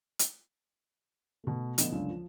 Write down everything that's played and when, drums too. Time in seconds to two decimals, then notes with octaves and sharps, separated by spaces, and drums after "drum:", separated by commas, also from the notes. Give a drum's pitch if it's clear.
0.19 drum: hi-hat
1.44 B2 A3
1.78 A#1 D3 A3 B3 D#5 E7, drum: hi-hat
1.92 C#2 F#2 D3
2.10 F3